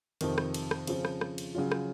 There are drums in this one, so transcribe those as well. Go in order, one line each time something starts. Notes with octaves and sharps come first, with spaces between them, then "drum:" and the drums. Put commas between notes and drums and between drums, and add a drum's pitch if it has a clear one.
F2 C3 D#3, drum: cymbal
drum: rim click
drum: cymbal
drum: rim click
C#3 F3 C4 F4, drum: cymbal
drum: rim click
drum: rim click
drum: cymbal
C#3 F#3 C#4 F4
drum: rim click